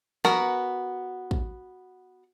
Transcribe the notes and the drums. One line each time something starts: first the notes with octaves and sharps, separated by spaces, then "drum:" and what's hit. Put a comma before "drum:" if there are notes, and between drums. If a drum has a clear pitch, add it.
B3 F#4 A#4, drum: snare
drum: kick